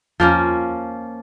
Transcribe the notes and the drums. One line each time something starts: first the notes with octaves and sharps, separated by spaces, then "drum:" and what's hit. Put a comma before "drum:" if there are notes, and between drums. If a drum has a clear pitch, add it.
F3 A#3 C#4, drum: tom E2